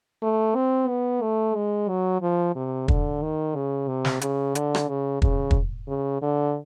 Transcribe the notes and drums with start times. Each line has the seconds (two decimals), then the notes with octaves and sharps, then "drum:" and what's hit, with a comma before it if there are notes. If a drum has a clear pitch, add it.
0.22 A3
0.55 C4
0.89 B3
1.22 A3
1.55 G#3
1.89 F#3
2.22 F3
2.55 C3
2.88 D3, drum: kick
3.22 D#3
3.55 C#3
3.88 C3
4.05 drum: snare
4.21 C#3, drum: hi-hat
4.55 D3, drum: hi-hat
4.75 drum: rim click
4.88 C#3
5.22 C#3, drum: kick
5.51 drum: kick
5.88 C#3
6.22 D3